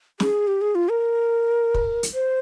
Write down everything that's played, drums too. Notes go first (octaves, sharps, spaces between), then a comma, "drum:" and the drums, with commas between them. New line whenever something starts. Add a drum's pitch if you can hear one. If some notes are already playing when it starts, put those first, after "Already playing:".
G#4, drum: snare
G4
G#4
F4
A#4
drum: kick
drum: hi-hat
C5